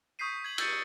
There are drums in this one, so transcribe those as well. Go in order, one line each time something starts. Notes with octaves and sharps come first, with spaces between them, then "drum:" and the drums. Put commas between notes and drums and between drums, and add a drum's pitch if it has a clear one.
C#6 D#6 G6 B6 C7 D#7
G#6 F#7
E6 G6 A6 C#7 D#7, drum: cymbal